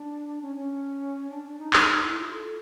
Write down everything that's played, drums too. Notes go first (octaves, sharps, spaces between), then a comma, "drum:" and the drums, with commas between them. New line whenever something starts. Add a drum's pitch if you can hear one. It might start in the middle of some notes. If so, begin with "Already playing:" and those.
Already playing: D4
C#4
C#4
D4
D4
D#4
D#4, drum: clap
D#4
E4
F4
A4